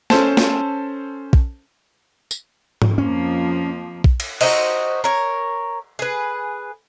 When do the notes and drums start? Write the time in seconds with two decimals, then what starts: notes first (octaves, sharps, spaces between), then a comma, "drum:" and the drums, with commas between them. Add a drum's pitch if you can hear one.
0.10 C#4 A4 C5 A5, drum: snare
0.37 drum: snare
1.33 drum: kick
2.31 drum: tambourine
2.82 drum: tom G#2
2.98 F2 F3 A#3 C#4
4.04 drum: kick
4.20 drum: cymbal
4.41 D#4 F#4 C5 D#5, drum: cymbal
5.04 A#4 C#5
5.99 G#4 B4